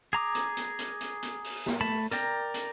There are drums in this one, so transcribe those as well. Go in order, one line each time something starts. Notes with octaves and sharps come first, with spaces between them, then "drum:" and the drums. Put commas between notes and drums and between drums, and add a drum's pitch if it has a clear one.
G#4 A#5 D6 D#6
drum: hi-hat
drum: hi-hat
drum: hi-hat
drum: hi-hat
drum: hi-hat
drum: open hi-hat
drum: snare
A3 A5 B5
A#4 D5 G5 A#5, drum: hi-hat
drum: hi-hat